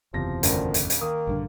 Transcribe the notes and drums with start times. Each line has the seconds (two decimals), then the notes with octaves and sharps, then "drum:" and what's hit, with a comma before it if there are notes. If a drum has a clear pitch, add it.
0.14 F#1 E2 C3 F3 C4 A#6
0.43 A1 D2 D#3, drum: hi-hat
0.74 drum: hi-hat
0.90 drum: hi-hat
1.01 D#3 A#3 D#6
1.27 A#1 G2 D3